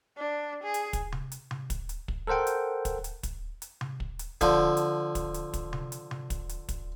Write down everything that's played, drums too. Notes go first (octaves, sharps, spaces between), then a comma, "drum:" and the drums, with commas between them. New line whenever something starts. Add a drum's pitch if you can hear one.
D4
G#4
drum: hi-hat
drum: kick, hi-hat
drum: tom C3
drum: hi-hat
drum: tom C3
drum: kick, hi-hat
drum: hi-hat
drum: kick
A4 A#4 C5 F#5 G5
drum: hi-hat
drum: kick, hi-hat
drum: hi-hat
drum: kick, hi-hat
drum: hi-hat
drum: tom C3
drum: kick
drum: hi-hat
D3 F3, drum: kick, hi-hat
drum: hi-hat
drum: kick, hi-hat
drum: hi-hat
drum: kick, hi-hat
drum: tom C3
drum: hi-hat
drum: tom C3
drum: kick, hi-hat
drum: hi-hat
drum: kick, hi-hat